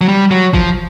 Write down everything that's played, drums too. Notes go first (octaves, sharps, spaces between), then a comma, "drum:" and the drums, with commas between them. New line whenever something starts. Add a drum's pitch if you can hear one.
F#3
G3
F#3
F3, drum: kick